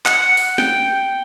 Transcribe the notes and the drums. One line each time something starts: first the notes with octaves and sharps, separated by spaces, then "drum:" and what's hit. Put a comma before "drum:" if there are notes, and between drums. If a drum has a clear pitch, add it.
F#5, drum: clap
drum: open hi-hat
G5, drum: snare